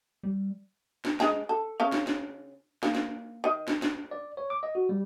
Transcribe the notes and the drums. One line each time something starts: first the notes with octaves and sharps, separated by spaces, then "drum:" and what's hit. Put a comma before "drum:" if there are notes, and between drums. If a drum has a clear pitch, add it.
G3
drum: snare
G#3 G#4 A#5, drum: snare
A4
C#3 C#4 F5
drum: snare
drum: snare
A#3, drum: snare
drum: snare
D#3 D#5
drum: snare
drum: snare
D5
C#5
D6
D#5
F#4
G3